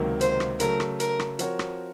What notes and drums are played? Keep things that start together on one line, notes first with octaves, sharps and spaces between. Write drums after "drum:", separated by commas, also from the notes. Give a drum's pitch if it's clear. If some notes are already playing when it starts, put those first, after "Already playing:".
Already playing: C#2 C3 D#3 F#3 A#3
C5, drum: hi-hat
drum: rim click
C#3 F#3 A3 A#4, drum: hi-hat
drum: rim click
A#4, drum: hi-hat
drum: rim click
F3 C4 F#4 A#4 C#5, drum: hi-hat
drum: rim click